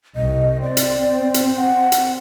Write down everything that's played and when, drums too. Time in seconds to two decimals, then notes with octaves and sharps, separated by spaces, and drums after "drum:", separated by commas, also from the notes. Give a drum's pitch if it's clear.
0.16 C2 D#5
0.62 C4 D5
0.77 drum: hi-hat
1.34 drum: hi-hat
1.58 F#5
1.92 drum: hi-hat